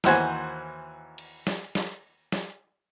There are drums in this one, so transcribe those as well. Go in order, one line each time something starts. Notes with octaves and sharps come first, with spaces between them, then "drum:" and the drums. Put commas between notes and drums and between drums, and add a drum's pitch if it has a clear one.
D#2 E3 F#4 C5 G#5, drum: snare
drum: cymbal
drum: snare
drum: snare
drum: snare